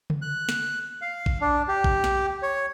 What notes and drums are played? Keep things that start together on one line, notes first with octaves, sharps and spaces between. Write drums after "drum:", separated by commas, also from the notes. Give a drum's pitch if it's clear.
drum: tom C#3
F#6
drum: snare
F5
drum: kick A1
D4
G4
drum: kick A1
drum: snare
C#5